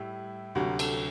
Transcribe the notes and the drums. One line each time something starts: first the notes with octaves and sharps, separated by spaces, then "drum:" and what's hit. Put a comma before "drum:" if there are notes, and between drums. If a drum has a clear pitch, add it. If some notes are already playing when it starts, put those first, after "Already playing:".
Already playing: A2 G3 E4
D2 C3 F#3 F#4
A4, drum: cymbal